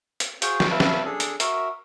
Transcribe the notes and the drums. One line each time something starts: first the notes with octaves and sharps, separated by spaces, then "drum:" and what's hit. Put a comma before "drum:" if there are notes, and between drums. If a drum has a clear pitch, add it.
drum: hi-hat
F#4 G#4 C5 F5, drum: hi-hat
drum: snare
B4 E5 F5 A5
drum: snare
D4 G#4 A4
drum: hi-hat
F#4 A#4 E5, drum: hi-hat